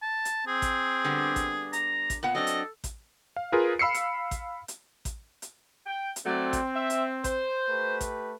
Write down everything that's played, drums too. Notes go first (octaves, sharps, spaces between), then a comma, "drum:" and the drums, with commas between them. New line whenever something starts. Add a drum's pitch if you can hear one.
A5
drum: hi-hat
C4 G#4
drum: kick A1, hi-hat
D3 G3 B3
drum: kick A1, hi-hat
A#5, drum: hi-hat
drum: kick A1, hi-hat
A#2 B3 F#5
F#3 C4 D4 A4 D#5
drum: hi-hat
drum: kick A1, hi-hat
F5
F4 G#4 A#4 B4
F5 B5 E6 C7 C#7
drum: hi-hat
drum: kick A1, hi-hat
drum: hi-hat
drum: kick A1, hi-hat
drum: hi-hat
G5
drum: hi-hat
F#3 A3 C4 D5
drum: kick A1, hi-hat
E5
drum: hi-hat
C5, drum: kick A1, hi-hat
A3 G4 B4
drum: kick A1, hi-hat